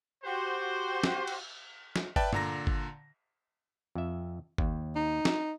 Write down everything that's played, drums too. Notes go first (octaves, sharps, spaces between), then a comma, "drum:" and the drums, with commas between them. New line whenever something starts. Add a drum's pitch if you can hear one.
F#4 G4 C5
drum: snare
drum: cymbal
drum: snare
B4 D5 E5 G5 A5, drum: kick G1
A#2 D3 A#5 A#6, drum: tom G2
drum: kick G1
F2 E5
D#2, drum: kick G1
D#4
drum: snare